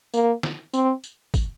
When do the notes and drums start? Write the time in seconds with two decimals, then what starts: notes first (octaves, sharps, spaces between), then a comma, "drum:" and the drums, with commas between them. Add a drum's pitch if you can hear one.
0.14 A#3, drum: tambourine
0.43 drum: snare
0.74 C4, drum: tambourine
1.04 drum: tambourine
1.34 drum: kick, tambourine